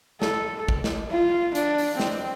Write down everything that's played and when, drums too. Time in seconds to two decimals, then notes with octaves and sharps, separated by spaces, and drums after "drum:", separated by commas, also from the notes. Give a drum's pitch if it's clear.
0.22 A4, drum: snare
0.69 drum: kick
0.84 drum: snare
1.11 F4
1.55 D4, drum: hi-hat
1.78 drum: open hi-hat
2.00 C4, drum: snare